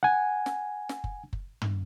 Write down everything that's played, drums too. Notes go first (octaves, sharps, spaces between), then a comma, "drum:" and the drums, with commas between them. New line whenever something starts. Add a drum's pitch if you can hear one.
F#5 G#5
drum: snare
drum: snare
drum: kick F#1
drum: kick F#1
drum: tom